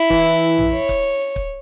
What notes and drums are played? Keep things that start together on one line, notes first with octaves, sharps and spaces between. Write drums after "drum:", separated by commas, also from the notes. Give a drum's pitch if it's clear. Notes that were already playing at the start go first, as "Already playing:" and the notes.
Already playing: E4
E3, drum: kick
drum: tom A#1
C#5
drum: kick, hi-hat
drum: kick